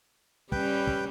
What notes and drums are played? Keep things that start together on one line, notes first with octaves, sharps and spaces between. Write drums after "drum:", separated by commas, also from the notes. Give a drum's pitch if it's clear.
G3 C#4 B4 G5, drum: kick
drum: kick